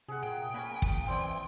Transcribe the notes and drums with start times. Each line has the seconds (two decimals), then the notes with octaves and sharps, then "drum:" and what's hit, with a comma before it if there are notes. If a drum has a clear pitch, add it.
0.08 C3 G#4 F#5
0.23 A#2 G5
0.54 A#3 C#4 G#5 B5
0.82 A#2, drum: kick
1.08 E3 C4 D5 G#5 C6